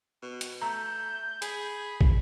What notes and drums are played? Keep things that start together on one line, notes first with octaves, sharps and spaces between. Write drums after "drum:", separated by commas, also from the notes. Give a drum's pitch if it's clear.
B2
drum: hi-hat
A3 A#5 G6
G#4 B5, drum: hi-hat
drum: kick